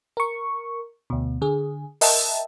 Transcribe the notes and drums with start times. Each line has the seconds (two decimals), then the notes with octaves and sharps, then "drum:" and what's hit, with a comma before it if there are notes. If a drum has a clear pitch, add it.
0.17 A#4 C#6
1.10 D2 B2
1.42 D3 G#4
2.01 A#4 D#5 E5 G5 A5, drum: open hi-hat